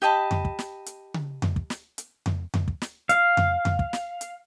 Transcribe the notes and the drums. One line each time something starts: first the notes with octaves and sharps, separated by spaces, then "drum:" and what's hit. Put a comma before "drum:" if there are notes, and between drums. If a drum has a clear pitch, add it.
G4 D#5 A5 B5
drum: tom F2
drum: kick
drum: snare
drum: hi-hat
drum: tom C#3
drum: tom F2
drum: kick
drum: snare
drum: hi-hat
drum: tom F2
drum: tom F2
drum: kick
drum: snare
F5, drum: hi-hat
drum: tom F2
drum: tom F2
drum: kick
drum: snare
drum: hi-hat